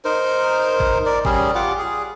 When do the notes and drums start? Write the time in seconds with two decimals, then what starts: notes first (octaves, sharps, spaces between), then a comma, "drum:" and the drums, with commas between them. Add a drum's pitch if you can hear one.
0.05 D#4 A#4 C5
0.80 drum: kick G#1
1.05 A#4 D5
1.25 G3 C#4 G#4, drum: kick G#1
1.55 F4 G4 F#5 D6
1.78 G#4